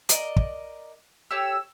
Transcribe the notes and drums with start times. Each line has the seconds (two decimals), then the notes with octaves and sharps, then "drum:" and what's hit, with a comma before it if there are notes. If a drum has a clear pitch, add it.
0.09 A#4 D5 D#5, drum: hi-hat
0.36 drum: kick
1.31 G4 A4 C#5 E6